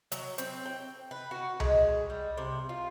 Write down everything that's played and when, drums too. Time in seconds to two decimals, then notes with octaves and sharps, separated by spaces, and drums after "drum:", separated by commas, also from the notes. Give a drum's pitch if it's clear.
0.12 F#3, drum: hi-hat
0.38 C4, drum: hi-hat
0.66 G5
1.11 B4
1.31 F#4
1.60 G#3, drum: tom C2
2.10 G3
2.38 C3
2.69 F4